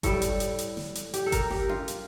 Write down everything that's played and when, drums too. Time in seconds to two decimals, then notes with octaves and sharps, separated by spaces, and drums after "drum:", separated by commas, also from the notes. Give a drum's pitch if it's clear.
0.03 A2 G3 A4, drum: kick G1, hi-hat
0.22 drum: hi-hat
0.40 drum: hi-hat
0.59 drum: hi-hat
0.77 drum: snare
0.95 drum: hi-hat
1.14 G4, drum: hi-hat
1.26 A4
1.32 A#4, drum: kick G1, hi-hat
1.51 G4, drum: snare
1.69 F4, drum: tom C#4
1.88 drum: hi-hat